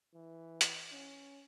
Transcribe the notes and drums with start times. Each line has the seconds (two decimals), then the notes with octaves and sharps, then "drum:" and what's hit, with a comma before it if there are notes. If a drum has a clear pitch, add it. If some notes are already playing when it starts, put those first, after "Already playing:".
0.14 E3
0.61 drum: hi-hat
0.92 C#4